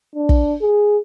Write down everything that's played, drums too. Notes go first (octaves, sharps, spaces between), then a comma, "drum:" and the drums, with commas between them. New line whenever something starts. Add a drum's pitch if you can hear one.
D4
drum: kick
G#4